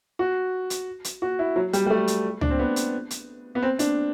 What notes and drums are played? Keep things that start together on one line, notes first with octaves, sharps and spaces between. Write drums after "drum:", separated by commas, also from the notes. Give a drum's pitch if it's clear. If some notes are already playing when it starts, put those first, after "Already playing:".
F#4
drum: hi-hat
drum: hi-hat
F#4
E4
F#3
G3, drum: hi-hat
G3
A3
drum: hi-hat
D4, drum: tom C#2
C4
B3
drum: hi-hat
drum: hi-hat
B3
C4
D4, drum: hi-hat